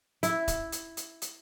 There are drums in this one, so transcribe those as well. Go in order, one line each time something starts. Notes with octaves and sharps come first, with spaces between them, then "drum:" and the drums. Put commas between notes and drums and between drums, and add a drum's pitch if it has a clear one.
E4, drum: hi-hat
drum: kick C#1, hi-hat
drum: hi-hat
drum: hi-hat
drum: hi-hat